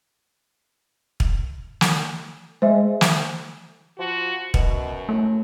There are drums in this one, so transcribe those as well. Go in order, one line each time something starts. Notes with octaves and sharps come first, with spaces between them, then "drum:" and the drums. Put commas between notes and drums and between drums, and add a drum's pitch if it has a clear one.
drum: kick
drum: snare
G#3 C5 E5
drum: snare
F3 F#4
F#2 B2, drum: kick
A2 A3